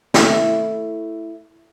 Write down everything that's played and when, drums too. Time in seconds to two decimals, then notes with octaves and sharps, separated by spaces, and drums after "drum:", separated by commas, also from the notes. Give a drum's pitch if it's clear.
0.14 A3 E4, drum: snare